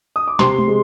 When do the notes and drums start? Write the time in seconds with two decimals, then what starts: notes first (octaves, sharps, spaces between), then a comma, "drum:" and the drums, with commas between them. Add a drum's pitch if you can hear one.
0.16 D#6
0.28 D6
0.39 C3 C6, drum: snare
0.58 drum: tom G#3
0.68 G#3